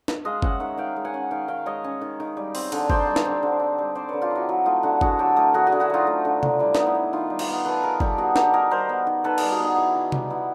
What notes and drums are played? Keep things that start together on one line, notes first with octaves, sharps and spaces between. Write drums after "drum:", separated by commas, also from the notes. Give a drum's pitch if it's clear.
drum: snare
G#3 D#5 F5
C#4 E5 F#5, drum: kick
D#3 E5 F#5
D#3 F5 G5
G#3
F#5 G#5
C#4
D#3 F5 G5
D#3 F5 G5
G#3 C#5 D#5
C#4
D#3
D#3
G3
C4, drum: open hi-hat
D3, drum: cymbal
D#4 C5 D5, drum: kick
G3
drum: snare
C4
D3
D#4
G3
C4 C5 D5
D3 B4 C#5
F4 G4
D#4 E4 F#4
F#3 E4
A3 D#4 F4
D3 E4 F#4
D3 F#4 G#4, drum: kick
F#3 G4 A4
A3 G#4 A#4
D3 F#4 G#4
F#4 G#4
D3
E4 F#4
F#3 D#4 F4
A3
D3
D3, drum: tom C3
G3 E4
B3 D#4, drum: snare
E4
D#3
D#3 D#4 F4
G3
F4 G4, drum: cymbal
B3
D#3 A4 B4
D#3 G#4 A#4
G3 G4 A4, drum: kick
B3 F#4 G#4
D#3 G4 A4, drum: snare
D#3 G#4 A#4
G3 A#4 C5
B3
D#3
D#3 A4 B4
G3 G#4 A#4, drum: cymbal
F#4 G#4
B3 D#4
D#3 E4
D#3
G3, drum: tom C3
B3 E4